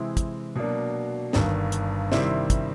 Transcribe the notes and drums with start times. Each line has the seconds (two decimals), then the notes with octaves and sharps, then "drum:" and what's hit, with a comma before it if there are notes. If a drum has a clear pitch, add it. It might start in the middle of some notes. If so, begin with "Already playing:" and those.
Already playing: C3 E3 G#3 C4 E4
0.17 drum: kick, hi-hat
0.55 B2 F#3 A#3 D4
1.33 G1 G2 D#3, drum: snare
1.72 drum: hi-hat
2.12 C3 D#3 G3 C4 E4, drum: snare
2.50 drum: kick, hi-hat